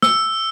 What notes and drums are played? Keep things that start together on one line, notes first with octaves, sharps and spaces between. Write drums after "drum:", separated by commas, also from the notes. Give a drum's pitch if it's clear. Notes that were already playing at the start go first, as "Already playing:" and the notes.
E6, drum: snare